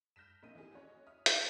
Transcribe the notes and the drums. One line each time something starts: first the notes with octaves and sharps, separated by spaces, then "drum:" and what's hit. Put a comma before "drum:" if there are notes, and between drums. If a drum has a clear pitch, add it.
F6 G6 A#6 B6 E7
A#1 A#3 C4 D#5 D#7
E3 C4 D#4 G4 G#4
C#4 F#4 C#5 D#5
E5 D#6 F6
B5, drum: hi-hat